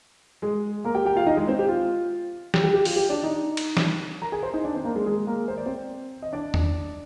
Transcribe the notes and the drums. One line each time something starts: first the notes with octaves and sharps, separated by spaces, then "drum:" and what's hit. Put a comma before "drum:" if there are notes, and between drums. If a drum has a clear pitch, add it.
G#3 G#4
A#3 A#4
G4 G5
G4 G5
F4 F5
D#4 D#5
G#3 G#4
C4 C5
G4
F4
G4, drum: snare
G4
G4
F4, drum: open hi-hat
G4
D4 D5
D#4 D#5
drum: cymbal
drum: snare
A#4 A#5
G#4 G#5
C5 C6
D#4 D#5
D4 D5
C4 C5
A#3 A#4
G#3 G#4
G#3 G#4
A#3 A#4
C5
D5
C4 C5
D#5
D4 D5
drum: tom E2